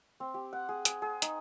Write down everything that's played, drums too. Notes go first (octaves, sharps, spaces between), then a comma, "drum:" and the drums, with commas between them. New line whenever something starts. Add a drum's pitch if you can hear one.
C4
G4
F#5
G#4
G#4, drum: hi-hat
G#4
D#4, drum: hi-hat